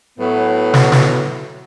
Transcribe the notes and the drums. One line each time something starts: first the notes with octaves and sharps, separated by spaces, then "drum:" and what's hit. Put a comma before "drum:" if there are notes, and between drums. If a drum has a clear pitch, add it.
A2 F#3 B3
drum: snare
drum: snare